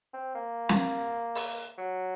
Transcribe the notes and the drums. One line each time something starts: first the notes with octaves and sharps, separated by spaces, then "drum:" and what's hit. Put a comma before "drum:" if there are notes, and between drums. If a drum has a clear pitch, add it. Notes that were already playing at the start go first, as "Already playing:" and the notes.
C4
A#3
drum: snare
drum: open hi-hat
F#3